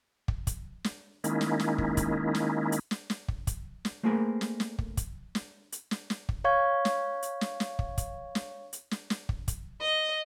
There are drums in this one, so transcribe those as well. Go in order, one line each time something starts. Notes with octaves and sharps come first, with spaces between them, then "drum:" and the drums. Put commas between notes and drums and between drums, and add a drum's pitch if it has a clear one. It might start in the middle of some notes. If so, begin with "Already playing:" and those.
drum: kick
drum: kick, hi-hat
drum: snare
D#3 G#3 A#3 C#4 D#4 E4, drum: hi-hat
drum: snare
drum: snare
drum: kick
drum: kick, hi-hat
drum: snare
drum: hi-hat
drum: snare
drum: snare
drum: kick
drum: kick, hi-hat
drum: snare
A3 A#3 C4 G#4 A#4 B4
drum: snare
drum: snare
drum: kick
drum: kick, hi-hat
drum: snare
drum: hi-hat
drum: snare
drum: snare
drum: kick
C#5 F5 C#6 G#6
drum: snare
drum: hi-hat
drum: snare
drum: snare
drum: kick
drum: kick, hi-hat
drum: snare
drum: hi-hat
drum: snare
drum: snare
drum: kick
drum: kick, hi-hat
D#5